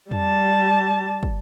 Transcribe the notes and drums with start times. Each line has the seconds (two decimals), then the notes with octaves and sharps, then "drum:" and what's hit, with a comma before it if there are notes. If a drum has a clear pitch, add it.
0.11 G3 A5, drum: tom F2
1.23 drum: kick